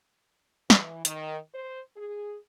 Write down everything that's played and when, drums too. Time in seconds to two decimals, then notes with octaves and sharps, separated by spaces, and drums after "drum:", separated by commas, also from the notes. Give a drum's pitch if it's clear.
0.70 E3, drum: snare
1.05 D#3, drum: hi-hat
1.54 C5
1.97 G#4